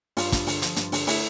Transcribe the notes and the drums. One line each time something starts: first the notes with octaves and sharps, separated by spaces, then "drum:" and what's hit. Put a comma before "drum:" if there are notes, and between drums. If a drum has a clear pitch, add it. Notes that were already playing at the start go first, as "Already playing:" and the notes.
G2 F4, drum: open hi-hat
G2, drum: kick, hi-hat
D3, drum: open hi-hat
F3, drum: hi-hat
G2, drum: hi-hat
D3, drum: open hi-hat
A3 E4, drum: open hi-hat